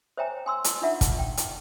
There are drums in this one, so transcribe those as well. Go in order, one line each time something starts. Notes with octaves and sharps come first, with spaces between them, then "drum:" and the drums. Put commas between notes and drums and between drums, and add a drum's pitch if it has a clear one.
C5 C#5 E5 G5 G#5 A#5
G#5 C6 E6
drum: hi-hat
D4 D#4 F4 E5 F#5
drum: kick, hi-hat
G5
drum: hi-hat